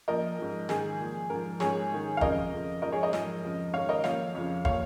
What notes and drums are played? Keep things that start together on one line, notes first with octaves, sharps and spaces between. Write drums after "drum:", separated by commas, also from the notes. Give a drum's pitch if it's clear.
A#2 F3 A#4 D#5
G#2 F3
G#2 D#3 G#4, drum: snare
A#2 F3
G#2 F3 A#4
G#2 F3 G#4 C#5, drum: snare
G#2 D#3
F5
F2 C#3 F3 A#4 D#5, drum: kick
F2 C#3 F3
G#2 F3 A#4 D#5
G#4 C#5
A#4 D#5
G#2 F3, drum: snare
F2 C#3 F3
G#2 D#3 C#5 F5
A#4 D#5
A#2 F3 C#5 F5, drum: snare
F2 C#3 F3
A#2 F3 C#5 F5, drum: kick